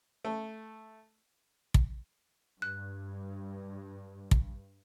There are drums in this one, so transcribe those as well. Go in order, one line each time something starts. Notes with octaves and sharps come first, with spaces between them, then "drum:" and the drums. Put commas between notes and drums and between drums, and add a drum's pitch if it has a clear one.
A3
drum: kick
G2 F#6
drum: kick